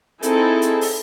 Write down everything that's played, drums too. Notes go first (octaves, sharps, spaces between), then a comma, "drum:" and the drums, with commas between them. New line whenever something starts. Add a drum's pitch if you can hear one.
C4 D#4 E4 G#4 A4, drum: hi-hat
drum: hi-hat
drum: open hi-hat